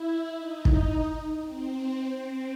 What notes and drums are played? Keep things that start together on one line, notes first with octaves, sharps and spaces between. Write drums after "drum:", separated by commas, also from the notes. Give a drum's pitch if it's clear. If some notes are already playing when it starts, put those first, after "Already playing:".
Already playing: E4
D#4
drum: kick
C4
C4